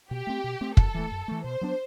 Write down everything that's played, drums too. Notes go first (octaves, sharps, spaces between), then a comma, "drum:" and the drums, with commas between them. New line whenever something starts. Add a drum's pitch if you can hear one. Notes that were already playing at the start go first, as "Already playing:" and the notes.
B2 G4
A3 C4
B2
A3 C4
F#2 A4, drum: kick
E3 A3
F#2
E3 A3
B2 C5
F#3 B3 D4